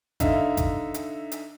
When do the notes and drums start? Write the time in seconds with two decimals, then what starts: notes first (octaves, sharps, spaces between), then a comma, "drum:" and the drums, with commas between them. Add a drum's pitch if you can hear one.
0.20 D3 D#4 E5 F5, drum: kick G#1, hi-hat
0.57 drum: kick G#1, hi-hat
0.94 drum: hi-hat
1.32 drum: hi-hat